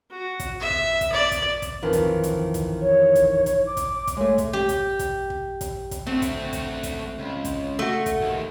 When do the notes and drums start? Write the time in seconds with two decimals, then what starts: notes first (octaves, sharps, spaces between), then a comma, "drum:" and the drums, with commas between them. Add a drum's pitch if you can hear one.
0.11 F#4
0.40 drum: kick, hi-hat
0.60 E5
0.70 drum: kick
1.01 drum: kick, hi-hat
1.12 D5
1.32 drum: kick, hi-hat
1.62 drum: kick, hi-hat
1.83 F2 D#3 E3
1.93 drum: kick, hi-hat
2.23 drum: kick, hi-hat
2.54 drum: kick, hi-hat
2.81 C#5
3.15 drum: kick, hi-hat
3.46 drum: kick, hi-hat
3.66 D6
3.77 drum: kick, hi-hat
4.07 drum: kick, hi-hat
4.17 G#3 A3 C#5
4.38 drum: kick, hi-hat
4.53 G4
4.69 drum: kick, hi-hat
4.99 drum: kick, hi-hat
5.30 drum: kick
5.61 drum: kick, hi-hat
5.91 drum: kick, hi-hat
6.07 A3 C4 F#4
6.22 drum: kick, hi-hat
6.53 drum: kick, hi-hat
6.83 drum: kick, hi-hat
7.19 C#2
7.45 drum: kick, hi-hat
7.79 A3 F#4
8.06 drum: kick, hi-hat
8.21 D#2 D#3